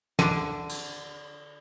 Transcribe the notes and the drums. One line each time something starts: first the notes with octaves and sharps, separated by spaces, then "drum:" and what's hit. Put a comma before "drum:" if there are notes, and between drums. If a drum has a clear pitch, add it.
D3, drum: snare
drum: cymbal